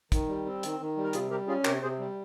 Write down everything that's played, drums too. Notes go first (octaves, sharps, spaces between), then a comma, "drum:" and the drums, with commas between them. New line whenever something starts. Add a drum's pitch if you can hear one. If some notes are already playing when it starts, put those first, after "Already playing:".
D#3, drum: kick, hi-hat
G3
C4
D#3, drum: hi-hat
D#3
G3
A#4
C3 F4 G#4, drum: hi-hat
G3 G4 A#4
C#4 F4 G#4
C3 G4 A#4, drum: clap
C3 G#4 C5
G3